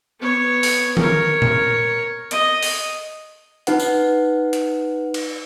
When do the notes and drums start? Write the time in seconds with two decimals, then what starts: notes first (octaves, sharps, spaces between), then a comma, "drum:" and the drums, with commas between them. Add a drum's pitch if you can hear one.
0.20 B3 C#5
0.63 drum: open hi-hat
0.97 A#4 C#5, drum: tom D#3
1.42 drum: tom A#2
2.31 D#5, drum: hi-hat
2.63 drum: open hi-hat
3.67 D#4 B4 F#5, drum: hi-hat
3.79 drum: tambourine
4.53 drum: hi-hat
5.14 drum: cymbal